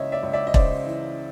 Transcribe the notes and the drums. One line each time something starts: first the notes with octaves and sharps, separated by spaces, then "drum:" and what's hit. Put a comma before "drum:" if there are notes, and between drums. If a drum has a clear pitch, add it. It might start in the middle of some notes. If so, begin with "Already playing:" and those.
Already playing: C#2 C#3 E3 C#5 D#5 E5
D5 E5
C#2
D5 E5
D#5
C#3 C5 D5, drum: kick E1
E3